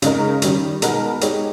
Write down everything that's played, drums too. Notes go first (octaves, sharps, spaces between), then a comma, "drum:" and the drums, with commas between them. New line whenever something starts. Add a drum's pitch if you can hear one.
C#3 G#3 D#4 A#4, drum: hi-hat
D#3 G3 C#4, drum: hi-hat
B2 G#3 B3 D#4 A#4, drum: hi-hat
G#3 D#4 G4 C#5, drum: hi-hat